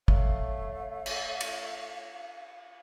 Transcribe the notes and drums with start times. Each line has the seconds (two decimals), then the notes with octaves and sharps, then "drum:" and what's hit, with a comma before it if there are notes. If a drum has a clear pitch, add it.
0.08 A3 C#5 F5, drum: kick
1.06 drum: cymbal
1.41 drum: cymbal